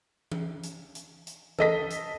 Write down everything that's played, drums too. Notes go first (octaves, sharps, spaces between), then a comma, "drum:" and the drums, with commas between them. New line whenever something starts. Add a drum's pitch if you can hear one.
drum: tom E3
drum: hi-hat
drum: hi-hat
drum: hi-hat
A4 D#5 B6, drum: tom E3
drum: hi-hat